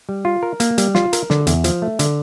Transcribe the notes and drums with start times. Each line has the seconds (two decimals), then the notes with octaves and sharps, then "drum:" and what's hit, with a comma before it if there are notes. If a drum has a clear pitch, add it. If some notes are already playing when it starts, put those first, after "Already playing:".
0.09 G3
0.25 F4
0.43 A#4
0.60 A#3, drum: hi-hat
0.78 G3, drum: hi-hat
0.95 F4, drum: snare
1.13 A#4, drum: hi-hat
1.30 D3, drum: snare
1.47 E2, drum: hi-hat
1.64 F3, drum: hi-hat
1.82 A3
1.99 D3, drum: hi-hat